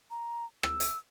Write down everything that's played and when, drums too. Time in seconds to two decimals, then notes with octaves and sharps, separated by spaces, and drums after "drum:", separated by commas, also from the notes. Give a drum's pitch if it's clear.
0.10 A#5
0.63 E6, drum: rim click
0.80 drum: hi-hat